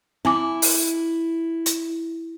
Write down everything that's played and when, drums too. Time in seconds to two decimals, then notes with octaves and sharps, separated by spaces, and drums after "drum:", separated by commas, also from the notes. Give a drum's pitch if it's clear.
0.25 C4 E4 G#5 D6
0.62 drum: open hi-hat
1.66 drum: hi-hat